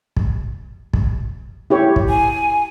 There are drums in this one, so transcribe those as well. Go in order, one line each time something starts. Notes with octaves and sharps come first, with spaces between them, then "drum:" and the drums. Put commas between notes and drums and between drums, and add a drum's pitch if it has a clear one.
drum: kick
drum: kick
E4 G4 C#5
drum: kick
G#5